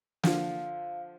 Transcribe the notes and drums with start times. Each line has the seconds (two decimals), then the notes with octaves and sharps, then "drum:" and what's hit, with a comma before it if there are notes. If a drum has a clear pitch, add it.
0.23 D3 F3 F5, drum: snare